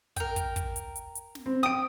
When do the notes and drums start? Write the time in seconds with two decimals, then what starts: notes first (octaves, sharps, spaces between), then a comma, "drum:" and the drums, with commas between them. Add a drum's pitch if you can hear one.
0.16 A#4 G5, drum: kick, hi-hat
0.36 drum: kick, hi-hat
0.56 drum: kick, hi-hat
0.76 drum: hi-hat
0.96 drum: hi-hat
1.15 drum: hi-hat
1.35 drum: snare
1.46 C4
1.63 G5 D#6 D7